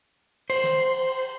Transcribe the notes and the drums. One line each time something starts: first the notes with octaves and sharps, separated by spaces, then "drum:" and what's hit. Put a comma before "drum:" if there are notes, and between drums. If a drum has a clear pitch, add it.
C5, drum: cymbal
drum: snare